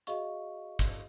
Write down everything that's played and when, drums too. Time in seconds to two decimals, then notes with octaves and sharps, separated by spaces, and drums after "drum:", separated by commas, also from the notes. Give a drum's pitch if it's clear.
0.07 F#4 G#4 D#5 F5 C#6, drum: hi-hat
0.79 drum: kick, hi-hat